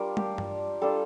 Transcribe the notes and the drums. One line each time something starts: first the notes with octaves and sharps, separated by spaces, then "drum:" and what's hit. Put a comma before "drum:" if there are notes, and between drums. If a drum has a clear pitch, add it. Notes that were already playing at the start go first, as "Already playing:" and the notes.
Already playing: G3 D4 F4 A#4
G4, drum: tom
drum: tom G2
G3 D4 F4 A4